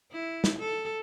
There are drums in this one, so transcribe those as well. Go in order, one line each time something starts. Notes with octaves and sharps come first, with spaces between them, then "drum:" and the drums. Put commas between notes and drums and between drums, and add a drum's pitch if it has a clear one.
E4
drum: snare
A4